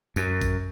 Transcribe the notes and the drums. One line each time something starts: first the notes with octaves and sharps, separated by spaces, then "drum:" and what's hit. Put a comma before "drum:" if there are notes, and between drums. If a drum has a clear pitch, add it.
F#2, drum: tambourine
drum: kick G#1, tambourine